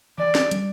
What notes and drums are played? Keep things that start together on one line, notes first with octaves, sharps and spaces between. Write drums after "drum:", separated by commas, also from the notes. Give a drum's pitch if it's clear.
E3 D5
drum: snare
G3, drum: hi-hat